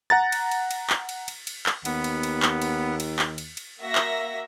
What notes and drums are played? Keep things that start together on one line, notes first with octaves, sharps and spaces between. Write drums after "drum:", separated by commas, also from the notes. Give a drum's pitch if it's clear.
F#5 A#5 A6
drum: cymbal
drum: cymbal
drum: cymbal
drum: clap
drum: cymbal
drum: cymbal
drum: cymbal
drum: clap
D#2 B3, drum: cymbal
drum: cymbal
drum: cymbal
drum: clap
drum: cymbal
drum: cymbal
drum: clap
drum: cymbal
drum: cymbal
A#3 F#4 E5 A#6
drum: clap